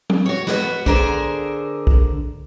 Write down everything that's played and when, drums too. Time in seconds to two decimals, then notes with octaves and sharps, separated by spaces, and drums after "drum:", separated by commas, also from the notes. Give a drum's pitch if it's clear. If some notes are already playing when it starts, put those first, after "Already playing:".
0.10 drum: tom F#3
0.26 F#4 C#5
0.47 B3 F#4, drum: snare
0.86 D3 G#4 A#4 C5, drum: kick B1
1.87 drum: kick B1